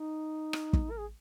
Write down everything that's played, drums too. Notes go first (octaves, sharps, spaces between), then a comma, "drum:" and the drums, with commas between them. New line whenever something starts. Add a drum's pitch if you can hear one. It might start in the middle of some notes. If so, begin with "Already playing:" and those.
Already playing: D#4
drum: rim click
drum: kick
A#4
G#4